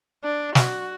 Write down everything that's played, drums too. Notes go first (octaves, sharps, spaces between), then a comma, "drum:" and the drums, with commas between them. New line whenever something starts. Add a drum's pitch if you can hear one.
D4
F#4, drum: snare